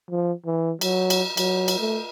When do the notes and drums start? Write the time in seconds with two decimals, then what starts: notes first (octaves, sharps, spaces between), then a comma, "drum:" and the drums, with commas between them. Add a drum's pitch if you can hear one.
0.11 F3
0.46 E3
0.81 F#3, drum: cymbal
1.10 drum: cymbal
1.37 F#3, drum: cymbal
1.68 drum: cymbal
1.79 A3